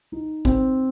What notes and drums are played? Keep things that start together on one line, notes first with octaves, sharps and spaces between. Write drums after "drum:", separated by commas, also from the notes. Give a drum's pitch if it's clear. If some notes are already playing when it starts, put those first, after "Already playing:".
D#4
C4, drum: kick G#1